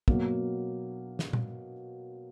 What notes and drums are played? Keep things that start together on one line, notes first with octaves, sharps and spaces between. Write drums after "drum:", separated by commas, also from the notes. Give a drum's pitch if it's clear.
B2 F#3 A#3, drum: kick
drum: snare
drum: tom A#2